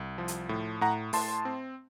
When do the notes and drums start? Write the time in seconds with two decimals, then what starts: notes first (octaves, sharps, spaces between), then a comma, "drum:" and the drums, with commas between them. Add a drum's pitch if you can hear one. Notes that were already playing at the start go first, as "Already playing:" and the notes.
Already playing: C2
0.18 F3
0.28 drum: hi-hat
0.49 A2
0.81 A2 F#5 A#5
1.13 A2 A5 C6, drum: open hi-hat
1.45 C4